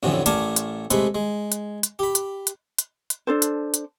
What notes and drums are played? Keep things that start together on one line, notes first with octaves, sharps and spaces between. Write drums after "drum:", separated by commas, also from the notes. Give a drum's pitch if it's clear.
A1 F2 A2 D3 E3 F#3
A1 A3 A#4 D5 G#5 A5, drum: hi-hat
drum: hi-hat
C3 G#3 A3 B4, drum: hi-hat
G#3
drum: hi-hat
drum: hi-hat
G4 B5
drum: hi-hat
drum: hi-hat
drum: hi-hat
drum: hi-hat
D4 A4 C5
drum: hi-hat
drum: hi-hat